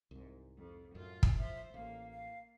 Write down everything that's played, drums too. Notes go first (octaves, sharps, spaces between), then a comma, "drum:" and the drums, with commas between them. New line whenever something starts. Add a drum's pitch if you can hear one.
C2 G#2
F2
F#2 A2 F4
drum: kick
F3 C5 E5
A1 A#3 F5
F5